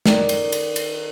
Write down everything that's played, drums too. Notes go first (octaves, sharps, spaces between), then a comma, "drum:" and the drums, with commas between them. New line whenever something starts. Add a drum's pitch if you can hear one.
D#3 D5, drum: snare
drum: cymbal
drum: cymbal
drum: cymbal